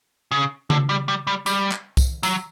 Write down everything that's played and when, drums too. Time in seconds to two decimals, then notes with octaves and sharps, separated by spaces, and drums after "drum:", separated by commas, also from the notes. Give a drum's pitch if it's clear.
0.31 C#3
0.70 D3, drum: tom C#3
0.89 G3
1.08 G3
1.27 G3
1.46 G3, drum: tambourine
1.72 drum: clap
1.97 drum: kick C2, tambourine
2.23 F#3, drum: tambourine